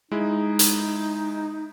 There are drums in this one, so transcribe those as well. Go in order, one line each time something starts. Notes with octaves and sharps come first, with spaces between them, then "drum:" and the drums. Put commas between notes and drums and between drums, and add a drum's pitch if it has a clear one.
G#3 D#4 E4
drum: hi-hat